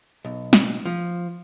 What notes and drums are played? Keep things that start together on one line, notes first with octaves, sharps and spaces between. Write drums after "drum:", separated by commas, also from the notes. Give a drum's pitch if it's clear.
B1
drum: snare
F3